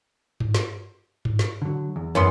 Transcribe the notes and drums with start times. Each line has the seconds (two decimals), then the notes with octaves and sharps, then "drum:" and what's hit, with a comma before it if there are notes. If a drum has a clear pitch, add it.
0.40 drum: tom G2
0.55 drum: snare
1.25 drum: tom G2
1.39 drum: snare
1.62 D3 F#3
1.96 E2
2.15 F#2 G#3 B3 C6